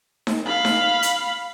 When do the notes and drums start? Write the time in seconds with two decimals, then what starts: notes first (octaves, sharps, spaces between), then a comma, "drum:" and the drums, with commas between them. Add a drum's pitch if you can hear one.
0.27 drum: snare D#4
0.46 F5 B5
0.65 drum: snare D#4
1.02 drum: hi-hat